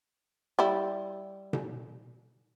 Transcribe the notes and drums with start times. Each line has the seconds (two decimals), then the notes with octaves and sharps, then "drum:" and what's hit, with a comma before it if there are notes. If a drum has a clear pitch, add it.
0.59 G3 E4
1.53 drum: tom B2